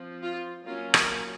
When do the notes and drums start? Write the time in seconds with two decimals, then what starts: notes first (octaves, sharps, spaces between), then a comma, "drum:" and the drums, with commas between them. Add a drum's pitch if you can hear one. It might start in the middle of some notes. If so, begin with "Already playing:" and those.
Already playing: F3 C4
0.22 F4
0.66 F#3 A#3 C#4 F4
0.94 drum: rim click